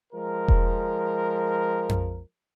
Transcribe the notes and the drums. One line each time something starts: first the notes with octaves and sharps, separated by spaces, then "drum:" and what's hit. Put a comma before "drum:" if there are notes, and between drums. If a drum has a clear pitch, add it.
F3 G#3 A#4
drum: kick E1
drum: tom F2